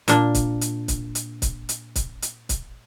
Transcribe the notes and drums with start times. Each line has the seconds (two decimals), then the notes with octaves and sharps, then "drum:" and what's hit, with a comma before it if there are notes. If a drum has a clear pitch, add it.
0.08 A#2 D4, drum: hi-hat
0.35 drum: kick C#1, hi-hat
0.61 drum: hi-hat
0.88 drum: kick C#1, hi-hat
1.15 drum: hi-hat
1.42 drum: kick C#1, hi-hat
1.69 drum: hi-hat
1.96 drum: kick C#1, hi-hat
2.22 drum: hi-hat
2.49 drum: kick C#1, hi-hat